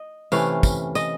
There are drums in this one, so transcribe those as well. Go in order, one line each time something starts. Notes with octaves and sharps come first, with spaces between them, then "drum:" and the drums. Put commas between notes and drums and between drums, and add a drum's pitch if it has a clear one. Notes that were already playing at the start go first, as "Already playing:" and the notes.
Already playing: D#5
C3 E3 A3 C#4 F5, drum: tambourine
drum: kick, tambourine
D#5, drum: tambourine